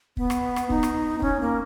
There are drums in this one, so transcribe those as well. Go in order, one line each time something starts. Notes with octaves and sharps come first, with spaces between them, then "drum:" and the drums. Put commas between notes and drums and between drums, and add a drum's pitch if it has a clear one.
B3, drum: kick
drum: rim click
drum: rim click
D#4, drum: kick
drum: rim click
B3
C#4, drum: kick
A#3